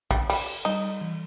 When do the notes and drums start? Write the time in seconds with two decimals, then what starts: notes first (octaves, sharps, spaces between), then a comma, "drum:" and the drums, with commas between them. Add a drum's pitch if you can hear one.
0.11 G3, drum: kick
0.30 G3, drum: cymbal
0.65 G3 D#4
1.01 E3